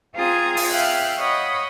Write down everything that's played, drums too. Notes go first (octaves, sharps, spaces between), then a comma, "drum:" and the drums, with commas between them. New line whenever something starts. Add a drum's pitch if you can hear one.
C4 F4 G#4 A#5 D#6 G#6
drum: open hi-hat
E5 F5 G5 F6 F#6
C#5 D#5 F#5 B5